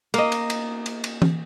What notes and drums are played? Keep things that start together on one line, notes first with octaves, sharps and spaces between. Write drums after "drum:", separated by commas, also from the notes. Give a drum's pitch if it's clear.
A#3 D#5, drum: cymbal
drum: cymbal
drum: cymbal
drum: cymbal
drum: cymbal
drum: tom E3